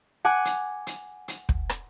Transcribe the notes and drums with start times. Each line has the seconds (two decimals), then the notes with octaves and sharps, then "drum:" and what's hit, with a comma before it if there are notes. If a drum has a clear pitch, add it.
0.25 F#5 G#5 D6 F#6
0.45 drum: hi-hat
0.87 drum: hi-hat
1.28 drum: hi-hat
1.49 drum: kick
1.69 drum: rim click